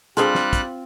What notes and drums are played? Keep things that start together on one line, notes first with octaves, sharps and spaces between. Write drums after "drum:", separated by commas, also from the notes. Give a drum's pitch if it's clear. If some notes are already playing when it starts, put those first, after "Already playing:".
G3 C4 D4 F4 G#4 A4 F#6, drum: hi-hat
drum: snare
drum: kick, hi-hat